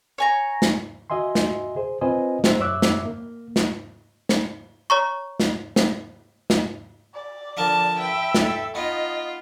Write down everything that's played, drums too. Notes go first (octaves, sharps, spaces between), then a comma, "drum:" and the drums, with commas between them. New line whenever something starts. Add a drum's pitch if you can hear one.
C#5 G#5 A#5
drum: snare
F#4 D#5 E5 G#5 C6
drum: snare
G#4 C5
C4 F4 B4 C5 D#5 G#5
G4 C5 E5, drum: snare
F#2 C#5 E5 D6 E6 F#6
drum: snare
A#3
drum: snare
drum: snare
C#5 A#5 C#6
drum: snare
drum: snare
drum: snare
D5
D3 F3 A#4 A5
B4 E5 G5
A4, drum: snare
B3 D#4 F4 D#5